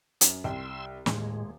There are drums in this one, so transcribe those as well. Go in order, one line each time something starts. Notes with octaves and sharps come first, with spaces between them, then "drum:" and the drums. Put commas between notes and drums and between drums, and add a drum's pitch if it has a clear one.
F#2, drum: hi-hat
C2 G5 C6 E6
D#1 A2 G#3, drum: snare